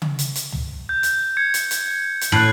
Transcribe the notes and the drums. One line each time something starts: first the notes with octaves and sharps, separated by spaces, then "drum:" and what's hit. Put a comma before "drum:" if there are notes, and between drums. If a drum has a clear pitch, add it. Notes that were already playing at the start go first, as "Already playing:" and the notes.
drum: tom C#3
drum: hi-hat
drum: hi-hat
drum: tom
G6
drum: hi-hat
G#6 C#7
drum: hi-hat
drum: hi-hat
drum: hi-hat
A2 F#6 C7 F#7